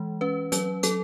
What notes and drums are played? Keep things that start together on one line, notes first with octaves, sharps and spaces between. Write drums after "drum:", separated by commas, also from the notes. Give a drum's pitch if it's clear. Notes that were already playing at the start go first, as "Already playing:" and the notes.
Already playing: E3 G#3
C#4 B4
F#3 B4, drum: hi-hat
F#3 A4, drum: hi-hat